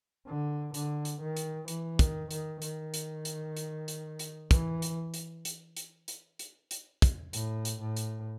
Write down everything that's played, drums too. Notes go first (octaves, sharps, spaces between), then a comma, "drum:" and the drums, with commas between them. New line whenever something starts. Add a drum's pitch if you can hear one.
D3
D3, drum: hi-hat
drum: hi-hat
D#3
drum: hi-hat
E3, drum: hi-hat
D#3, drum: kick, hi-hat
D#3, drum: hi-hat
D#3, drum: hi-hat
drum: hi-hat
drum: hi-hat
drum: hi-hat
drum: hi-hat
drum: hi-hat
E3, drum: kick, hi-hat
drum: hi-hat
drum: hi-hat
drum: hi-hat
drum: hi-hat
drum: hi-hat
drum: hi-hat
drum: hi-hat
drum: kick, hi-hat
A2, drum: hi-hat
drum: hi-hat
A2
drum: hi-hat